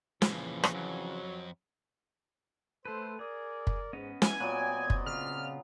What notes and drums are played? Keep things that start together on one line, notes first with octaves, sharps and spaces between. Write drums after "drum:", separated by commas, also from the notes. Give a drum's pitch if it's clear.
F2 A#2 C#3 E3 F3, drum: snare
drum: rim click
F2 F#3
A3 A4 B4 C5
G#4 A#4 D5 D#6
drum: kick
G#2 B3 C#4 D#5
E3 G#5, drum: snare
A#2 F#3 B3 C4 D5 D#5 F#5 G5
drum: kick
C#3 F4 F6